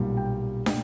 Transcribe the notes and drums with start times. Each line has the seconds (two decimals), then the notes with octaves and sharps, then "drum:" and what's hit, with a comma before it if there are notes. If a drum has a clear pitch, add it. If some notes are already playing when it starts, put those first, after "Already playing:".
Already playing: B1 A#2 G3
0.17 G5
0.66 A#2 G5, drum: snare